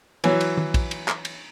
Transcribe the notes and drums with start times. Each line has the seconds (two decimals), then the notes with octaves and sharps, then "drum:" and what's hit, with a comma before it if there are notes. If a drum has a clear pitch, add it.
0.24 E3 F#3, drum: cymbal
0.41 drum: cymbal
0.57 drum: tom D#3
0.74 drum: kick, cymbal
0.91 drum: cymbal
1.08 drum: clap
1.25 drum: cymbal